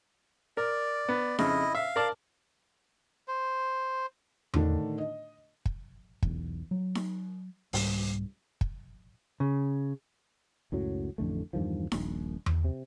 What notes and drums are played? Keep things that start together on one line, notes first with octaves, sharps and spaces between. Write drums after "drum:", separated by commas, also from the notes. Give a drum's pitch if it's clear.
A#4 D5
B3
F2 C#3 E4 D#5, drum: snare D#4
E5 F5
A#4 D5 A5
C5
A2 D3 D#3 D4, drum: tom E2
D#5
drum: kick
B1 E2, drum: kick
F#3
drum: snare D#4
C2 G#2 G3, drum: open hi-hat
drum: kick
C#3
C#2 F#2 A2 F#3
A1 F2 D3 A3
E2 G2 D#3 F3
D#1 A#1, drum: snare D#4
drum: tom E2
C3